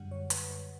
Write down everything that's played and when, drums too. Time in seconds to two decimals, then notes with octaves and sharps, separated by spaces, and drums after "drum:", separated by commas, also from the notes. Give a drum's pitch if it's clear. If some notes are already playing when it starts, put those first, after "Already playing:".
Already playing: F#2 D3 G3 F#5
0.11 C#5
0.30 B4, drum: hi-hat
0.51 C#5